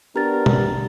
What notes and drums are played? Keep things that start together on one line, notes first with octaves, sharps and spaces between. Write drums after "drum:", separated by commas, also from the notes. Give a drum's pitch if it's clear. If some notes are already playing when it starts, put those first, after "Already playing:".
B3 D4 G4 A#4 A6
drum: tom